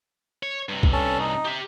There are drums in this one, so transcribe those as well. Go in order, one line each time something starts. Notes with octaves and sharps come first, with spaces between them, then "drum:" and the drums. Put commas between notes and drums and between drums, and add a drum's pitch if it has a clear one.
C#5
G2 C3
drum: kick
C#4 A4 A5
D#4
G4 E5